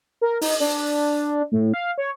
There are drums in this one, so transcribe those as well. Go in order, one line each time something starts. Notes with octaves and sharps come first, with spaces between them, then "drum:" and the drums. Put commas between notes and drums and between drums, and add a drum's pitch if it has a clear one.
A#4
D#4, drum: open hi-hat
D4
A2
F5
C#5